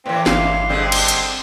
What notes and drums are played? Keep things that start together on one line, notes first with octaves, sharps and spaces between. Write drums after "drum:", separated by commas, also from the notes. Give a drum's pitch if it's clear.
A2 E3 C4 B4
G1 F5 C6, drum: snare
D3 G3 G#3 C4
drum: cymbal
drum: hi-hat